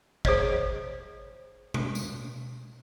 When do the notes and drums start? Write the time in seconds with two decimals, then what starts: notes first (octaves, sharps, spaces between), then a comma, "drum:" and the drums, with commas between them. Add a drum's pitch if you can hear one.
0.25 G#4 C5 C#5 D#5, drum: kick
1.74 drum: tom B2
1.95 drum: tambourine